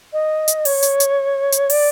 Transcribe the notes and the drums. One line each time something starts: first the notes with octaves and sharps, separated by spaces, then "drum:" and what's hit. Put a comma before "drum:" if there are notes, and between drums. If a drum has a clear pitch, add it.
D#5
drum: hi-hat
C#5, drum: open hi-hat
drum: hi-hat
drum: hi-hat
drum: hi-hat
D5, drum: open hi-hat